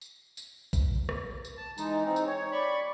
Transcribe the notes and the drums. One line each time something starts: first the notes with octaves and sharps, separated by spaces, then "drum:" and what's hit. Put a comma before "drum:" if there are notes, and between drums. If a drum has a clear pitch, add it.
drum: tambourine
drum: tambourine
drum: kick, tambourine
drum: rim click
drum: tambourine
A5
E3 G#3 D#4, drum: tambourine
C4 D#4
drum: tambourine
C#5
D5 B5 C#6